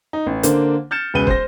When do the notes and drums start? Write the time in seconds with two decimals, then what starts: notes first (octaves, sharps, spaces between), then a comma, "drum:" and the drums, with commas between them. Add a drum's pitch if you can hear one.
0.13 D#4
0.26 A1
0.43 D3 A#3 D4 C5, drum: hi-hat
0.91 F6 G6 A6 C#7 E7
1.14 E1 C#2 B4 D#7 G7
1.27 C5 A#6, drum: kick